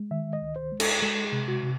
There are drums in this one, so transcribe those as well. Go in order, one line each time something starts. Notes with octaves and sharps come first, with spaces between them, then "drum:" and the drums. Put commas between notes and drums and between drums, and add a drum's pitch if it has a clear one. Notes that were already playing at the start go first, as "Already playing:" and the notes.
Already playing: G#3
D#3 E5
D#5
C#2
C5
G#3
A4, drum: cymbal
G#3 A4
G#4
C3
F#4
C3